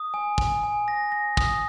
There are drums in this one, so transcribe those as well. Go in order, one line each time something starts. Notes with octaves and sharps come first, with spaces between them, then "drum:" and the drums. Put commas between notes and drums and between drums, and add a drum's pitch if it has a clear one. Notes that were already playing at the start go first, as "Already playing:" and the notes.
Already playing: D#6
G#5
G#5, drum: kick
G#5
A#6
A#6
D#6, drum: kick